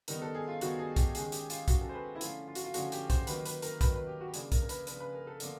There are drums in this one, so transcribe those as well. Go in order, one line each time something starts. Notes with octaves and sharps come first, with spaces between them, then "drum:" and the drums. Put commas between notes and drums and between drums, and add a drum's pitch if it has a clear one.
D#3 G3 B3 D#4 A#4, drum: hi-hat
A4
G#4
F4
D#3 G3 B3 D#4 F#4, drum: hi-hat
G#4
G4, drum: kick B1, hi-hat
D#3 G#3 C#4 G#4, drum: hi-hat
G4, drum: hi-hat
F4, drum: hi-hat
D#3 G#3 C#4 F#4, drum: kick B1, hi-hat
A4
C5
B4
E4
D3 F3 A3 C#4 F4, drum: hi-hat
F4
F#4, drum: hi-hat
F4
D3 F3 A3 C#4 F#4, drum: hi-hat
G4, drum: hi-hat
C5, drum: kick B1, hi-hat
D#3 F#3 A#3 B4, drum: hi-hat
B4, drum: hi-hat
A#4, drum: hi-hat
D#3 F#3 A#3 B4, drum: kick B1, hi-hat
B4
G4
F#4
G4
C#3 F3 A#3 D4 G#4, drum: hi-hat
A#4, drum: kick B1, hi-hat
A#4
B4, drum: hi-hat
C#3 F3 A#3 D4 B4, drum: hi-hat
B4
A#4
A4
D3 F3 A#3 D4, drum: hi-hat